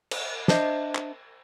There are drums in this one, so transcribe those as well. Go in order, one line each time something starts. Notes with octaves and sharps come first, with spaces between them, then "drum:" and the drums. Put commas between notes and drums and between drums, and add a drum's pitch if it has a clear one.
drum: cymbal
D4 C5 D#5 E5, drum: snare
drum: clap